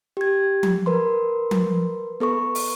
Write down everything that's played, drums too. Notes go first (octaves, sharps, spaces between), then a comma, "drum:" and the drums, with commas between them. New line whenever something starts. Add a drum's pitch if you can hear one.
G4 G#6
drum: tom F3
A#4 B4 C6
drum: tom F3
B3 A4 B4 C#6
drum: open hi-hat